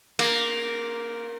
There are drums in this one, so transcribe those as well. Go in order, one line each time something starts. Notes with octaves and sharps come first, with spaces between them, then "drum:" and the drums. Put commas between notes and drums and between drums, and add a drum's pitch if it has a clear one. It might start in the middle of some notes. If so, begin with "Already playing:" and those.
A#3, drum: cymbal